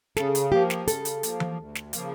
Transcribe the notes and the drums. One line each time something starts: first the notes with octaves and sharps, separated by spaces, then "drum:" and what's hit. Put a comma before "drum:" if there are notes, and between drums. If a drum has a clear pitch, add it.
C#3 A4, drum: snare
drum: hi-hat
F3 A#3 G4
drum: snare
C#3 A4, drum: hi-hat
drum: hi-hat
F3 A#3, drum: hi-hat
drum: tom E3
D2
drum: snare
C#3 F3 A#3, drum: hi-hat